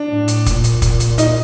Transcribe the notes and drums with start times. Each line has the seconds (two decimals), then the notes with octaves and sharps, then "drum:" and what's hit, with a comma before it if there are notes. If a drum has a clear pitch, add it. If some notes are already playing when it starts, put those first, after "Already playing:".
Already playing: D4
0.09 A2
0.28 drum: hi-hat
0.46 A#2, drum: kick, hi-hat
0.64 drum: hi-hat
0.82 drum: kick, hi-hat
1.00 drum: hi-hat
1.18 D#4, drum: hi-hat